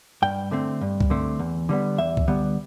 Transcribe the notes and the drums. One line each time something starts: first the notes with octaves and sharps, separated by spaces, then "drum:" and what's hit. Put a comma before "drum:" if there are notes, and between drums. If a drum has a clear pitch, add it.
G2 G5
D3 A3 C4
G2
drum: kick C#2
D3 A3 C4
E2
D3 G3 B3
E2 E5
drum: kick C#2
D3 G3 B3